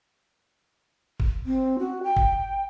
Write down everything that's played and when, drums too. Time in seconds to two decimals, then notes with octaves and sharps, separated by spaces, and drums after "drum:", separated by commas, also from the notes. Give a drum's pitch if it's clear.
1.20 drum: kick
1.46 C4
1.79 F#4
2.03 G5
2.17 drum: kick